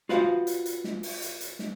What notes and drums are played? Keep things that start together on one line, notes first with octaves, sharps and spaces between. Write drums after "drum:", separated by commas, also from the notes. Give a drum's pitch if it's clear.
F4 F#4 B4 C5 F5, drum: snare
drum: hi-hat
drum: hi-hat
drum: snare
drum: open hi-hat
drum: hi-hat
drum: hi-hat
drum: snare